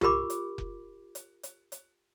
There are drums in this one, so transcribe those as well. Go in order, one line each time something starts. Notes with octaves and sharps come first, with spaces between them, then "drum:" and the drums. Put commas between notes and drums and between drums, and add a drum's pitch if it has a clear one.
F4 G4 A#4 B5 D6, drum: tom C2
drum: hi-hat
drum: kick F1
drum: hi-hat
drum: hi-hat
drum: hi-hat